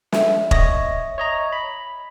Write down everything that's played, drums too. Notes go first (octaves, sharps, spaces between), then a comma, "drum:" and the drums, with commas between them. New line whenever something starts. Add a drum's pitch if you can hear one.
E5, drum: snare
C#5 D#5 A#6, drum: kick E1
C#5 D#5 A#5
B5